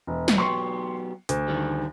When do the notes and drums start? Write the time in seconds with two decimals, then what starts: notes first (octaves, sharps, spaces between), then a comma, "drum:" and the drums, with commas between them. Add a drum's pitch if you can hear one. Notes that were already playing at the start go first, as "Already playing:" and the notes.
0.07 E1
0.28 drum: snare
0.38 F#3 B3 G4 C6 C#6
1.29 D2, drum: hi-hat
1.48 D3 D#3 G3